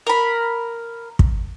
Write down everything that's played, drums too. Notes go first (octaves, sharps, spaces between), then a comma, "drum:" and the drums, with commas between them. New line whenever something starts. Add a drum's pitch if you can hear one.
A#4 B5
drum: kick